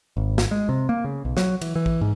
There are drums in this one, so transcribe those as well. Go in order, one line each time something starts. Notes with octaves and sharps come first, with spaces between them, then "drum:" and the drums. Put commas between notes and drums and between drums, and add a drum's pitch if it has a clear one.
G#1
drum: snare
G#3
C3
A#3
C#3
B1
F#3, drum: snare
E3, drum: cymbal
E3
drum: kick A#1
G#2